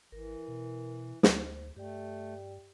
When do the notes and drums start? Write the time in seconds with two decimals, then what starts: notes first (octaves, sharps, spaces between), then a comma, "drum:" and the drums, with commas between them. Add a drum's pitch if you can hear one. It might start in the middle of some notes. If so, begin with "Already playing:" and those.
0.12 G#1 E3 A#4
0.48 B2
1.23 D2 C5, drum: snare
1.77 G2 A3 G4 D5 G5